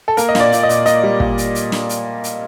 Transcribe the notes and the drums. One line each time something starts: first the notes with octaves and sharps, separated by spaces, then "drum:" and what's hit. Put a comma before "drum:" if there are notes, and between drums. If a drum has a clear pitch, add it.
A4
A#3 A#4, drum: hi-hat
D#5
A#2, drum: snare
D5
A#2, drum: hi-hat
D#5
A#2, drum: hi-hat
A#3 D#5, drum: hi-hat
G3
A#2, drum: kick
drum: hi-hat
drum: hi-hat
drum: snare
drum: hi-hat
drum: hi-hat